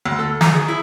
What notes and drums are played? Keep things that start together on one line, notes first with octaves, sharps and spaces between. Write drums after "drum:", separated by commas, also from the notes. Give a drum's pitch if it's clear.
D2
A4
A#5, drum: snare
G#4
E4